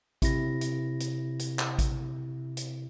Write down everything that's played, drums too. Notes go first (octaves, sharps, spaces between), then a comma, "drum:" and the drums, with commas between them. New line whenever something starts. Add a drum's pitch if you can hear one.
C3 E4 A#6, drum: kick A1, hi-hat
drum: hi-hat
drum: hi-hat
drum: hi-hat
drum: clap
drum: kick A1, hi-hat
drum: hi-hat